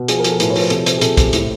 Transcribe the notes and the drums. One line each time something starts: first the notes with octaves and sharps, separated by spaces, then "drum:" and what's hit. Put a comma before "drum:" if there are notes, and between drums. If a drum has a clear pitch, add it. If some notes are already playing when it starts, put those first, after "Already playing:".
Already playing: B2
F3 G#4, drum: hi-hat
A#4
F3 G#4 A4, drum: hi-hat
A2 B4, drum: hi-hat
C#5
F3, drum: open hi-hat
C5
C3 A4, drum: hi-hat
C3, drum: hi-hat
G#4
C3 A4, drum: hi-hat
C3, drum: kick, hi-hat
A2, drum: hi-hat